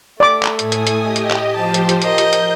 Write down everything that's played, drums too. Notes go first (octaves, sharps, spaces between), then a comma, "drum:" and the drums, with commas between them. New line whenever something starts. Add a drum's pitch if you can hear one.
A3 D5 D6
drum: clap
A2 G#5 D#6, drum: hi-hat
drum: hi-hat
drum: hi-hat
G4 D#5
drum: hi-hat
drum: clap
F3 G4 C5 A5
drum: hi-hat
drum: hi-hat
A#4 D#5 G6, drum: hi-hat
drum: hi-hat
drum: hi-hat